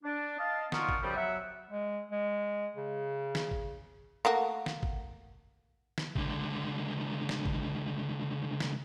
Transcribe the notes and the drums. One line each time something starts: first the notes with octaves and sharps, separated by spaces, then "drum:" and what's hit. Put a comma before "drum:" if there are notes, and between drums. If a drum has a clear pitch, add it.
D4
D#5 F5 A5
A#2 B3 D#4 F4 F#4 A#4, drum: snare
drum: kick
F#2 C#3 F3 G3
F#3 E5 F#5
G#3
G#3
C#3
drum: snare
drum: kick
A3 A#3 F#4
drum: snare
drum: kick
drum: snare
C#2 D3, drum: kick
drum: snare
drum: kick
drum: snare